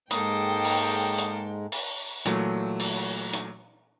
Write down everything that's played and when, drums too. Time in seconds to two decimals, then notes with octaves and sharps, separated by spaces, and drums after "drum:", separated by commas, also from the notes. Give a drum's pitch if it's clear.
0.11 G#2 G#3 A#3 A4 G5 D#6, drum: hi-hat
0.64 drum: open hi-hat
1.18 drum: hi-hat
1.72 drum: open hi-hat
2.25 A#2 E3 F#3 A3, drum: hi-hat
2.79 drum: open hi-hat
3.33 drum: hi-hat